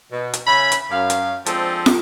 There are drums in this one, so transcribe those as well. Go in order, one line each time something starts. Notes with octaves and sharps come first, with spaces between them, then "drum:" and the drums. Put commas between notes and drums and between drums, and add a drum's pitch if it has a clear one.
B2
drum: hi-hat
C#3 C#4 E5 B5
drum: hi-hat
F#2 F5
drum: hi-hat
F3 G#3 C4 D4 A4, drum: hi-hat
drum: snare